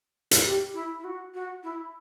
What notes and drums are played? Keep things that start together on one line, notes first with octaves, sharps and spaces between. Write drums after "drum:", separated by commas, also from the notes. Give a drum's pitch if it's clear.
drum: hi-hat
G4
E4
E4
F#4
F#4
E4